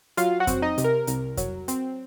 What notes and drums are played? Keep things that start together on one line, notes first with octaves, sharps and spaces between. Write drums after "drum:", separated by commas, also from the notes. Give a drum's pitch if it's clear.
F#3 F4 F5, drum: hi-hat
F#4 F#5
C4, drum: kick F2, hi-hat
D#4 D#5
C3, drum: hi-hat
A#4
C2, drum: hi-hat
F#3, drum: kick F2, hi-hat
C4, drum: hi-hat